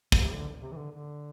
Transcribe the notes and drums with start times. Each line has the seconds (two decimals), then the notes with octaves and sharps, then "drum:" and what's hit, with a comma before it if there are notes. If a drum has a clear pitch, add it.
0.12 B2, drum: kick
0.19 C3
0.33 D3
0.63 C3
0.72 E3
0.76 D3
0.92 D3